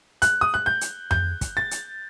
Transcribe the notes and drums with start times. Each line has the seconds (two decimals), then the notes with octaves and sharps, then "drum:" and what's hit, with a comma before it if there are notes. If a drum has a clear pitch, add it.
0.22 F#6, drum: hi-hat
0.41 D#6
0.54 F#6
0.66 G6
0.81 drum: hi-hat
1.11 G6, drum: tom F2
1.41 drum: kick, hi-hat
1.57 A6
1.71 drum: hi-hat